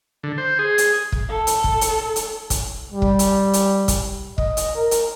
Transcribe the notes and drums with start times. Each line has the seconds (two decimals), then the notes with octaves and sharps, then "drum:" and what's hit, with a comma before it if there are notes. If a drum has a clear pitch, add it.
0.24 D3
0.38 C5
0.59 G#4
0.78 drum: hi-hat
1.12 drum: kick
1.30 A4
1.47 drum: hi-hat
1.64 drum: kick
1.81 drum: hi-hat
2.16 drum: hi-hat
2.50 drum: kick, hi-hat
2.92 G3
3.02 drum: kick
3.19 drum: hi-hat
3.53 drum: hi-hat
3.88 drum: kick, hi-hat
4.38 D#5, drum: kick
4.57 drum: hi-hat
4.75 A#4
4.91 drum: hi-hat